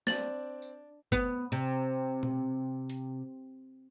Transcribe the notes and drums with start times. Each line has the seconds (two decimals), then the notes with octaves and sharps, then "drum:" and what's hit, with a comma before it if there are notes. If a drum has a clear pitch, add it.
0.07 C4 D4 A6 F#7, drum: snare
0.62 drum: tambourine
1.12 B3, drum: kick G1
1.52 C3
2.23 drum: tom B2
2.89 drum: hi-hat